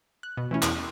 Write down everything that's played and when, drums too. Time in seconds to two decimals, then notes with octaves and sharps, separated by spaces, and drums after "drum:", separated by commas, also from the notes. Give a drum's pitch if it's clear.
0.23 F#6
0.37 B2
0.51 E3 A3 C#4 E4
0.62 E2, drum: clap